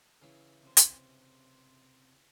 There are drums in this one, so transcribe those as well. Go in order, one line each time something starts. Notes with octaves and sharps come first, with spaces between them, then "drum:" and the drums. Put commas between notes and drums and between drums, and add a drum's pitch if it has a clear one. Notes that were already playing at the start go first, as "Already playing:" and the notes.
C#3 E3 E4
C3 C5
drum: hi-hat